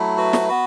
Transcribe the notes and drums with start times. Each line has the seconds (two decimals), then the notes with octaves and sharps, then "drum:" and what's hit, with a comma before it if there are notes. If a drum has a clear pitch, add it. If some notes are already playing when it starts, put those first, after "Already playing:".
Already playing: F#3 A3 E4
0.18 F#4 B4
0.33 drum: snare
0.49 B3 F#4